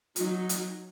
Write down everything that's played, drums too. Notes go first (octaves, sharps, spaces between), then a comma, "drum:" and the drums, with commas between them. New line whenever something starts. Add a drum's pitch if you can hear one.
F#3 D#4, drum: hi-hat
drum: hi-hat